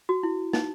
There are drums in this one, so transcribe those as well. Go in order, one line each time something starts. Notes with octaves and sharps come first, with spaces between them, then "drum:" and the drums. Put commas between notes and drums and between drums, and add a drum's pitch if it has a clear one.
F#4
E4
D#4, drum: snare